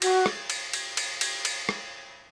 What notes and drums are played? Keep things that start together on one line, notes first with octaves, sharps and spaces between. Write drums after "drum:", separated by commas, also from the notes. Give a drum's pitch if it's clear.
F#4, drum: cymbal
drum: rim click
drum: cymbal
drum: cymbal
drum: cymbal
drum: cymbal
drum: cymbal
drum: rim click